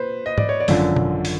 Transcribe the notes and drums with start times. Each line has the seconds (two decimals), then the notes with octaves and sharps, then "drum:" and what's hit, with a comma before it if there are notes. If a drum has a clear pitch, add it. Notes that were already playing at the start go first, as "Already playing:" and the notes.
Already playing: A#2 B4 C5
0.26 D#5
0.38 D5, drum: tom G#2
0.49 C#5
0.60 D5
0.68 G#1 F#2 D3 F3, drum: open hi-hat
0.96 drum: tom B2
1.25 drum: open hi-hat